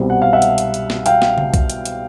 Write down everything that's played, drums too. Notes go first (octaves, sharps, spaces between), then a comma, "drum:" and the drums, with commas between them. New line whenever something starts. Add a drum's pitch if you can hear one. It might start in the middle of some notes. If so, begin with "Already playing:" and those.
Already playing: C2 B2 G3 C4
F#5
F5
E5 F#5
drum: hi-hat
drum: hi-hat
drum: hi-hat
drum: snare
F5 G5, drum: hi-hat
drum: snare
drum: tom C#3
drum: kick C2, hi-hat
drum: hi-hat
drum: hi-hat